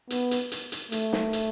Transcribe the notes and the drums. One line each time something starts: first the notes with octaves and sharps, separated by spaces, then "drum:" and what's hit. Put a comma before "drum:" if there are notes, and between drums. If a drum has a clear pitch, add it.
B3, drum: hi-hat
drum: hi-hat
drum: hi-hat
drum: hi-hat
A3, drum: hi-hat
drum: snare
drum: hi-hat